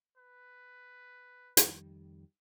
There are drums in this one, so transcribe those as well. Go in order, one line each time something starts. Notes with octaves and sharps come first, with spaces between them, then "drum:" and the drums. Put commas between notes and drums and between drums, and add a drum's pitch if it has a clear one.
B4
F2 D#3 G3, drum: hi-hat